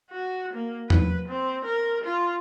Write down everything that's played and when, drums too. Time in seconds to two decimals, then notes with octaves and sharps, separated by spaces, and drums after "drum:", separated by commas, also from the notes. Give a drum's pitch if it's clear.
0.11 F#4
0.54 A#3
0.90 B4, drum: tom E2
1.29 C4
1.65 A#4
2.04 F4